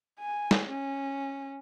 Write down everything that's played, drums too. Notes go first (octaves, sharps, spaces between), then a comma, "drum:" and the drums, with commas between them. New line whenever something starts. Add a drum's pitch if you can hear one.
G#5
drum: snare
C#4